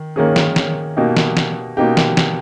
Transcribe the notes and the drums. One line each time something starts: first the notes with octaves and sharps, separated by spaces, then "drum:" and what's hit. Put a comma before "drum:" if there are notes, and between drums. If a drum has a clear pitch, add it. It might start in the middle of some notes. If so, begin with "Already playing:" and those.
Already playing: D#3
D#3 A#3 C#4 G#4
drum: snare
drum: snare
B2 A#3 D#4 G4
drum: snare
drum: snare
B2 A#3 D#4 G4
drum: snare
drum: snare